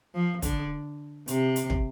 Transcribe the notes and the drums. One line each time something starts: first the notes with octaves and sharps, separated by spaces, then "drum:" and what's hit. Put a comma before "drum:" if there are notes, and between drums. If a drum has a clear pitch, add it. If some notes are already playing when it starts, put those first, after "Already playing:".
F3
D3, drum: kick, hi-hat
C3, drum: hi-hat
drum: hi-hat
drum: kick